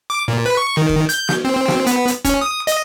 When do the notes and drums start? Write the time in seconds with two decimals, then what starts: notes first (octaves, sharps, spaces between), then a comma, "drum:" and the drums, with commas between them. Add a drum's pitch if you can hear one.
0.10 D6
0.28 A#2
0.46 B4
0.57 C#6
0.77 D#3
0.89 drum: kick F1
1.09 G6, drum: hi-hat
1.29 drum: snare
1.45 C4
1.56 C4
1.68 drum: snare
1.87 B3, drum: hi-hat
2.08 drum: hi-hat
2.25 C#4, drum: kick F1, hi-hat
2.41 D#6
2.67 D#5, drum: hi-hat